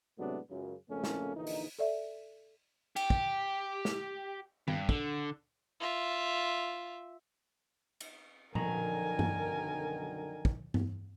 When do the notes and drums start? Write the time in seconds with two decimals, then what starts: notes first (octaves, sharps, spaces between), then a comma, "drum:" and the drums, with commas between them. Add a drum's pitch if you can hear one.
0.19 A2 C3 F#3 G#3 B3 D4
0.50 C#2 F#2 C#3
0.90 G#1 F2 C#3 A3 A#3 C#4
1.04 drum: snare
1.36 A#1 D3 E3 D#4
1.47 drum: open hi-hat
1.79 A4 D5 E5
2.96 G4, drum: cymbal
3.10 drum: kick
3.85 drum: snare
4.68 G2, drum: tom D#3
4.89 D3, drum: kick
5.80 F4 E5
8.00 drum: cymbal
8.55 B1 F#2 D3 D#3 F3 A#4 G#5 A#5, drum: tom A#2
9.19 drum: tom G2
10.45 drum: kick
10.74 drum: tom G2